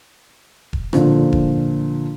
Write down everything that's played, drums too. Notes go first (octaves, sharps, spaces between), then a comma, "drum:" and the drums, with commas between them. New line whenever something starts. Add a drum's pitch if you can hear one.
drum: kick E1
A#2 D3 F3, drum: rim click
drum: kick E1